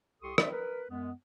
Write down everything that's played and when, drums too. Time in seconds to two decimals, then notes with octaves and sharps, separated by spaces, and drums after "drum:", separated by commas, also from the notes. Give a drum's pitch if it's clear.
0.22 C2 G4 A4 C6 C#6 D#6
0.38 C5 D5 E5, drum: rim click
0.51 A#4 B4
0.89 F#2 G#3 B3